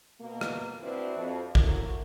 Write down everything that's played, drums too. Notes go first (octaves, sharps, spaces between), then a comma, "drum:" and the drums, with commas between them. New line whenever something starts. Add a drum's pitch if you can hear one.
B2 A#3
drum: rim click
C4 D4 E4 F#4 B4
F2
A3 A#3 C#4 E4 F#4 A#4, drum: kick